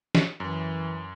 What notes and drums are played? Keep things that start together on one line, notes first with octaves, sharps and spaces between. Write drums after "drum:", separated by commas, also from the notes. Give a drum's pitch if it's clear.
drum: snare
F#2 E3